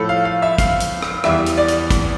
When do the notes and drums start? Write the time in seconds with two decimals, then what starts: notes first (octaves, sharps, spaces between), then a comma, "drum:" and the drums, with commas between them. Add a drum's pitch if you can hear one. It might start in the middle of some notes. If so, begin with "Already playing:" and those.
Already playing: A2 F3 A4
0.09 F5
0.25 F5
0.42 E5
0.58 F5, drum: kick, hi-hat
0.80 drum: hi-hat
1.02 drum: rim click
1.24 E2 E3 G3 E5, drum: rim click
1.46 drum: hi-hat
1.58 D5
1.68 drum: hi-hat
1.90 drum: kick, hi-hat